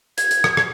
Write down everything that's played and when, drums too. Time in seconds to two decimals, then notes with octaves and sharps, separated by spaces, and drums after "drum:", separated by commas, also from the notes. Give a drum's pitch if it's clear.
0.18 G#6, drum: hi-hat
0.31 drum: hi-hat
0.44 drum: rim click
0.57 drum: rim click